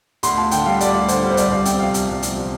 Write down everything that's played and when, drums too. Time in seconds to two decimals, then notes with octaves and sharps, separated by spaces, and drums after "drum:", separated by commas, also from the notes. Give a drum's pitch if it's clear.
0.23 D2 C6, drum: hi-hat
0.38 F4 A5
0.51 D3 G5, drum: hi-hat
0.66 G3 F5
0.80 D2 D5, drum: hi-hat
0.94 F4
1.08 D3 C5, drum: hi-hat
1.23 G3
1.31 C5
1.37 C2 D5, drum: hi-hat
1.51 C2 F5
1.65 C3 G5, drum: hi-hat
1.79 F3 F5
1.94 C2, drum: hi-hat
2.08 C2
2.23 C3, drum: hi-hat
2.36 F3